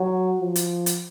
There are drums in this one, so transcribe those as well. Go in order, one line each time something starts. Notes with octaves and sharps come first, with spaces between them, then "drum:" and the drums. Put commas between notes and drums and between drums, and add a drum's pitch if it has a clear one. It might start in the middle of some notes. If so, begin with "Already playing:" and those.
Already playing: F#3
F3
drum: hi-hat
drum: hi-hat